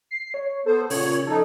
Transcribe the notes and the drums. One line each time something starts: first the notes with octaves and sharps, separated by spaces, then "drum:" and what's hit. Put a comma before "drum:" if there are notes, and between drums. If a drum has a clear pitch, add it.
C7
C#5
B3 A4 C5
A#2 C#3 C#5, drum: open hi-hat
F3 D#4 A4